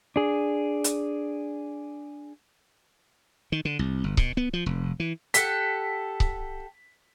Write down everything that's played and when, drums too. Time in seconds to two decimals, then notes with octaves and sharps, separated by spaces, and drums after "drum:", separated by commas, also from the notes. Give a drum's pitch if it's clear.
0.16 D4 G#4
0.84 drum: hi-hat
3.52 D#3
3.65 D3
3.79 C2
4.04 G1
4.17 B2, drum: kick C#1
4.37 B3
4.53 F3
4.66 F1
5.00 E3
5.34 G4 A4 F#5 B6, drum: hi-hat
6.20 drum: kick C#1